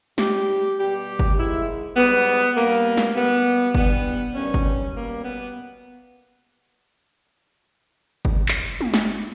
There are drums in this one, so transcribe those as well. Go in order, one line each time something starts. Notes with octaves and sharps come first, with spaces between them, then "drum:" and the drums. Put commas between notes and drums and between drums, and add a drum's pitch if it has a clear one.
G#2 G3 G4, drum: snare
B2 G3 G4
drum: kick G1
G#2 D#3 G#3 E4
G#2 G3 B3
G2 G3 A#3
drum: snare
B2 G3 B3
G2 E3 G3 B3, drum: kick G1
G2 D#3 G3 C#4
drum: kick G1
B2 G3 A#3
B3
drum: kick G1
drum: clap
drum: tom
drum: snare